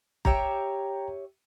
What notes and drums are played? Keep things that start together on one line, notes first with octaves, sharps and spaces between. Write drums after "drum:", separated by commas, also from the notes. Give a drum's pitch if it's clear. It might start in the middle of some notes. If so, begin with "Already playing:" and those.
G4 C#5 E5 G5 A#5, drum: kick